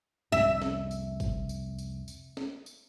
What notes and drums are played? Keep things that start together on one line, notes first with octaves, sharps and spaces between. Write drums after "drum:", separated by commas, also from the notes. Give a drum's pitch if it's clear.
C2 F2 E5
drum: snare
drum: tambourine
drum: kick, tambourine
drum: tambourine
drum: tambourine
drum: tambourine
drum: snare
drum: tambourine